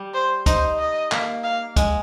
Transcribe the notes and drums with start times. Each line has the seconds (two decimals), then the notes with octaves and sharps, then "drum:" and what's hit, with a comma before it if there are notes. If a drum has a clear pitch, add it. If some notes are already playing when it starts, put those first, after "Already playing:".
Already playing: G3
0.14 C5
0.46 D#4 C5, drum: kick, hi-hat
0.79 D#5
1.12 A#3, drum: clap
1.44 F5
1.76 G#3, drum: kick, hi-hat